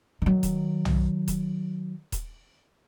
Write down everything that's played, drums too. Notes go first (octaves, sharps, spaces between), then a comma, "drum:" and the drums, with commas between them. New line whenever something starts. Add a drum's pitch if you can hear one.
D#3 F#3
drum: kick D#1, hi-hat
drum: tom B1
drum: kick D#1, hi-hat
drum: kick D#1, hi-hat